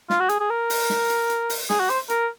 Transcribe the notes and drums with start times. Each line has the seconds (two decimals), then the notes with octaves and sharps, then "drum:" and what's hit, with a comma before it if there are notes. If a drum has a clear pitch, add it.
0.10 F4, drum: snare
0.20 F#4
0.29 G#4, drum: hi-hat
0.40 G#4
0.50 A#4
0.70 drum: open hi-hat
0.90 drum: snare
1.10 drum: hi-hat
1.30 drum: hi-hat
1.50 drum: open hi-hat
1.70 G#4, drum: snare
1.80 F#4
1.90 C5, drum: hi-hat
2.09 A#4, drum: hi-hat